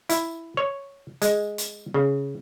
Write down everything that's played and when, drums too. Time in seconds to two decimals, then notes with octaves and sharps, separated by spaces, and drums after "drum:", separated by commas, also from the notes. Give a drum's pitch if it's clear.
0.09 E4, drum: hi-hat
0.57 C#5
1.22 G#3, drum: hi-hat
1.58 drum: hi-hat
1.94 C#3